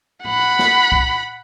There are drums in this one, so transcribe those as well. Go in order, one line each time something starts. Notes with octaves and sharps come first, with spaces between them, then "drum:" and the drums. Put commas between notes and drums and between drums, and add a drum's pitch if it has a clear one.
F#5 B5, drum: tom
drum: snare
drum: kick